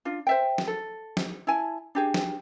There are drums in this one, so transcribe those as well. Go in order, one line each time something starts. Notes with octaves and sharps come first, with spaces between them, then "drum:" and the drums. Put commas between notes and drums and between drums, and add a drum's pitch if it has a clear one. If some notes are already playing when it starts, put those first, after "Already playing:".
D4 F4
C5 E5 G5
drum: snare
A4
drum: snare
E4 G#5 A5
D4 G4 G#4
drum: snare